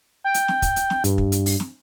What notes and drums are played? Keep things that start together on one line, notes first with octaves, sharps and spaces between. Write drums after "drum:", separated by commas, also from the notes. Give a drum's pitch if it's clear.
G5
drum: hi-hat
drum: snare
drum: kick, hi-hat
drum: hi-hat
drum: snare
G2, drum: hi-hat
drum: kick
drum: hi-hat
drum: open hi-hat
drum: snare